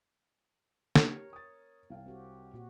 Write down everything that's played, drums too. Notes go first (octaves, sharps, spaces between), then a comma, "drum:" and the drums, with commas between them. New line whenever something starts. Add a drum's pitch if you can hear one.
G4 A#4 C#5, drum: snare
D#6 A6
C2 F5 G5
C4 F#4 G4
A#2 F#4